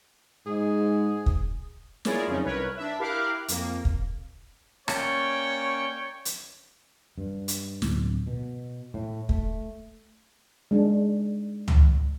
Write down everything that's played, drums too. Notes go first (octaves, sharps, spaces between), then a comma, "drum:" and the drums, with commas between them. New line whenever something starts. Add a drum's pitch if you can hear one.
G#2 G#4
drum: kick
E4 F4 G#4 A#4 C#5 D5, drum: snare
F2 C#3 F#3 C#4 D#4
C2 A#4 B4 C#5
D4 E5
E4 G4 A#4 F5 D6 F#6
F2 A#3, drum: hi-hat
drum: kick
A#3 C#4 C#5 D5 G5 C#6, drum: rim click
drum: hi-hat
G2
drum: hi-hat
D1, drum: snare
B2
A2
A3, drum: kick
G#3 D4
drum: tom C#2